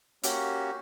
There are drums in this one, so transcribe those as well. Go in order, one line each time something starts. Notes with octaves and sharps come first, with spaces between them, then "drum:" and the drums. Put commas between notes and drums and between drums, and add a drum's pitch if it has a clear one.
A#3 C#4 F#4 G4, drum: hi-hat